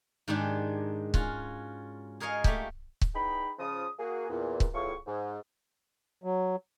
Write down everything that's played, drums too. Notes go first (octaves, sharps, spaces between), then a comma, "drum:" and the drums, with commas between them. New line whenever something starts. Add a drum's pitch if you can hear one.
G#2 D#3 G#3 D4 G4
C#4 F4 F#4, drum: kick C#1
G#4 A#4 C#5 D#5 F5
A3 A#3 G4, drum: kick C#1
drum: kick C#1
E2 D#4 G#4 G5 B5
C#3 F3 D#6
A#3 F#4 G#4
E2 A#2
drum: kick C#1
E2 A2 F4 C#6
G#2
F#3